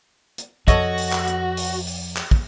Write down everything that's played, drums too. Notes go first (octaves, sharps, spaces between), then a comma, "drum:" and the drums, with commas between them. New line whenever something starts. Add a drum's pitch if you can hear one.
drum: hi-hat
F2 F#4 A4 C#5 D#5, drum: kick, hi-hat
drum: open hi-hat
drum: clap
drum: hi-hat
drum: open hi-hat
drum: open hi-hat
drum: clap
drum: kick